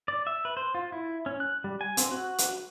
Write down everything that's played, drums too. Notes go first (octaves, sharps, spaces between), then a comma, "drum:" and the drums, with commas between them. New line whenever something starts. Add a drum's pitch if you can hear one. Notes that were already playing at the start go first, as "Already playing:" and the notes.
D5
E5
B4
C5
F4
E4
C#4
F#6
G3
G#5
C4, drum: hi-hat
F#4
drum: hi-hat